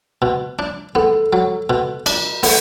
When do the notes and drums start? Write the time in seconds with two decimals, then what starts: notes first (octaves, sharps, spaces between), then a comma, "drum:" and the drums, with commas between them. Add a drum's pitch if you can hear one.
0.22 B2
0.59 D4
0.95 B3 A4
1.33 F#3
1.70 B2
2.06 D4, drum: cymbal
2.43 B3 A4, drum: open hi-hat